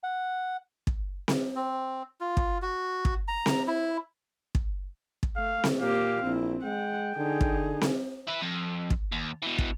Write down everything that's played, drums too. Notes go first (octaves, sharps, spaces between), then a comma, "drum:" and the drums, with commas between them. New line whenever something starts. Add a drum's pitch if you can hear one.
F#5
drum: kick
drum: snare C4
C4
F4
drum: kick
F#4
drum: kick
A#5
drum: snare C4
E4
drum: kick
drum: kick
A3 F5
drum: snare C4
A#2 A#3 G4 F5
A#1 C4 E4
G#3 F#5 G5
D3 D#4 G#4
drum: kick
drum: snare C4
E4 B4
F2
drum: kick
D#2
B2 E3
drum: kick